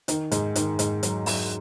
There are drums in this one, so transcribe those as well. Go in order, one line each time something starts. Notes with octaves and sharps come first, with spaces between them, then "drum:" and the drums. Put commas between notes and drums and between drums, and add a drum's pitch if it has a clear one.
D#3, drum: hi-hat
G#2, drum: hi-hat
D#3, drum: hi-hat
G#2, drum: hi-hat
F#3, drum: hi-hat
F#3, drum: open hi-hat